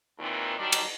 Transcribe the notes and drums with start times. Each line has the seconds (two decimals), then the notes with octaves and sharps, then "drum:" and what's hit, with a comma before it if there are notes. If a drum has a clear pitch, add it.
0.19 D#2 A#2 D#3 E3 C4
0.57 D#3 F#3 G3 D4 D#4
0.72 drum: cymbal